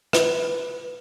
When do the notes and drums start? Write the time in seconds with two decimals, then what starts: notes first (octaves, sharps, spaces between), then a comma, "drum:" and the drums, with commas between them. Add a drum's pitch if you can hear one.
0.13 B4, drum: rim click